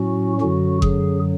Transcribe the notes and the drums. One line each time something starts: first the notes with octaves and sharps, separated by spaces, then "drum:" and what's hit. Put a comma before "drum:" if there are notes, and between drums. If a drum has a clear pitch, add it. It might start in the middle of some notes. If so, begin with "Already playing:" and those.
Already playing: A2 F#3 C#4 F#4
F#2 D3 F#3 F#4
G#4, drum: kick F#1